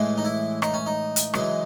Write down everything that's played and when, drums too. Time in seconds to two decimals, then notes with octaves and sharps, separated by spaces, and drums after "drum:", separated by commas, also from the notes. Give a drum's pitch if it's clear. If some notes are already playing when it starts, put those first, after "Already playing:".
Already playing: A2 E3 G#3
0.18 D#4
0.25 E4
0.62 D#4, drum: rim click
0.74 C#4
0.86 D#4
1.16 drum: hi-hat
1.34 F#2 C#3 E3 G#3, drum: rim click